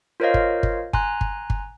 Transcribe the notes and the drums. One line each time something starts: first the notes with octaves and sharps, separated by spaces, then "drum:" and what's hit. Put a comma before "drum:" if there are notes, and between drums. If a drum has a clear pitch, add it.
F4 A#4 C5 C#5 D#5 F5
drum: kick G1
drum: kick G1
G#5 A#5 C6 F#6, drum: kick G1
drum: kick G1
drum: kick G1